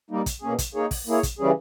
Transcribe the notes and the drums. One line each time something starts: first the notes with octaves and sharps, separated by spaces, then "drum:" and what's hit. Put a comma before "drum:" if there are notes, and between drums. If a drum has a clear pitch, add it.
G3 A#3 D#4
drum: kick, hi-hat
B2 A#3 C#4 G#4
drum: kick, hi-hat
A#3 D#4 G#4 C#5
drum: kick, open hi-hat
A#3 E4 G#4 C#5
drum: kick, hi-hat
C#3 E3 G3 C#4 G#4